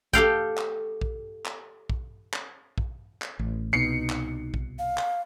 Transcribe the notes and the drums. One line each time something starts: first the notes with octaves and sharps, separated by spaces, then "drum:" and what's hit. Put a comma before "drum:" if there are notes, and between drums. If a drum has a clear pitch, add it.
G4 A4 F5 G5, drum: kick A#1
drum: clap
drum: kick A#1
drum: clap
drum: kick A#1
drum: clap
drum: kick A#1
drum: clap
A1
C2 B2 D#4 C7 C#7
drum: clap
drum: kick A#1
F5
drum: clap